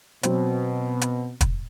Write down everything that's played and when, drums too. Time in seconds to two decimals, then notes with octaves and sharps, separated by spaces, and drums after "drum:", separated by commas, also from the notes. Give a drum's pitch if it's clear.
0.23 B2 F#3 C4, drum: hi-hat
1.01 drum: hi-hat
1.41 drum: kick, hi-hat